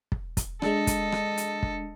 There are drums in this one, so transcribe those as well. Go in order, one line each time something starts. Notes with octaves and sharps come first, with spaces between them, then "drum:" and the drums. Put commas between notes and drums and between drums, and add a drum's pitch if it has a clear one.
drum: kick
drum: kick, hi-hat
G#3 D4 A4 D#5, drum: rim click
drum: kick, hi-hat
drum: rim click
drum: hi-hat
drum: kick